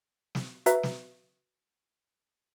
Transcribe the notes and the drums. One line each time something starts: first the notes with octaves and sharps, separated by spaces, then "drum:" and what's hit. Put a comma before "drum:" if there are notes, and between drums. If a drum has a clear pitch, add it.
drum: snare
F#4 B4 E5 A#5, drum: hi-hat
drum: snare